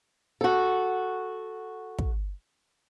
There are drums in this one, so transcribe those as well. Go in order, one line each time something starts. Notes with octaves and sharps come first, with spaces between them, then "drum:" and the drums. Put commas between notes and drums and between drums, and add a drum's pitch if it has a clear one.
F#4 A4
drum: kick